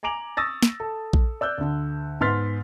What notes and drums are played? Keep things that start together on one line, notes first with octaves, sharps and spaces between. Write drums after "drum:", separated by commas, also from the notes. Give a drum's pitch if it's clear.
G#5 A#5 D6 D7 F7 F#7
C#6 D#6 E6 A6 A#6
drum: snare
A4
drum: kick A#1
D5 E6 F#6 G6
D2 D3
G#2 B3 C6 F6 A6 B6